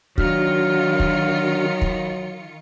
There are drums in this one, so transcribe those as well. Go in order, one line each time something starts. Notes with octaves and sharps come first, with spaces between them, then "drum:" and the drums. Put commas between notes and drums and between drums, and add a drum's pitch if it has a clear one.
D#3 F#3 D4 F4 F#4 F6 C#7, drum: kick
drum: kick
drum: kick